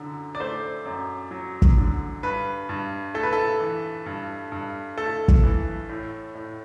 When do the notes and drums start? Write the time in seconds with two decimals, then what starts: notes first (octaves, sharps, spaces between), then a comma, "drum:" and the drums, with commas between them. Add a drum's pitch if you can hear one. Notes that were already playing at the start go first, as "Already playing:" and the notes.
Already playing: F#2 D3
0.35 D5
0.40 A3 C5
0.86 F#2
1.31 F#3
1.62 drum: kick
1.77 D3
2.23 G2 B4
2.69 G2
3.14 A3 A4
3.23 B4
3.33 A4
3.60 E3
4.06 G2
4.52 G2
4.98 A3 A4
5.28 drum: kick
5.43 E3
5.89 A2
6.35 A2